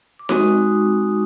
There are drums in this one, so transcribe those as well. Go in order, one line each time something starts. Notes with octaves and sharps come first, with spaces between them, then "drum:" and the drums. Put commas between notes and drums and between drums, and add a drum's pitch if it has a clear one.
D6
G#3 C4 D#4 F#4 C#6 D#6, drum: snare D#4